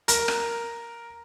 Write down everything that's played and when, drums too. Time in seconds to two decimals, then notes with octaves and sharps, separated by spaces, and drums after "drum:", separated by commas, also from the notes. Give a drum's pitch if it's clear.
0.08 A#4, drum: hi-hat
0.28 drum: rim click